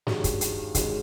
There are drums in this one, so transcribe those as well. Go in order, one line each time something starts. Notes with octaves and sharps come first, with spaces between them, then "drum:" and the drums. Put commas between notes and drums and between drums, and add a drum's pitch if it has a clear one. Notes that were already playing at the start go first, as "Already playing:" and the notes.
G2 D#3 G#3 C#4 F#4, drum: snare
drum: kick, hi-hat
drum: hi-hat
G2 D#3 G#3 C#4 F#4, drum: kick, hi-hat